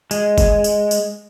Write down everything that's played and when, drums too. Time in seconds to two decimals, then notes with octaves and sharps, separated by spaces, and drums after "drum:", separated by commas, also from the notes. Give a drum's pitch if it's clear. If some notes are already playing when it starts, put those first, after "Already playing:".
0.11 G#3, drum: tambourine
0.38 drum: kick F#1, tambourine
0.64 drum: tambourine
0.91 drum: tambourine